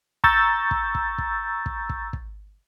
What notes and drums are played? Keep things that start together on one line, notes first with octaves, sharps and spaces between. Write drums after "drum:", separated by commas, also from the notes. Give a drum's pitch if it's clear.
A#5 C#6 E6 G6 A6, drum: kick
drum: kick
drum: kick
drum: kick
drum: kick
drum: kick
drum: kick